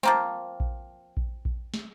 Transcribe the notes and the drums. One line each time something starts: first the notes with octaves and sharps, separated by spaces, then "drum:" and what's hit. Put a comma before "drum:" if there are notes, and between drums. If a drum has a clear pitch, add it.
F3 A#3 C4, drum: snare
drum: kick A#1
drum: kick A#1
drum: kick A#1
drum: snare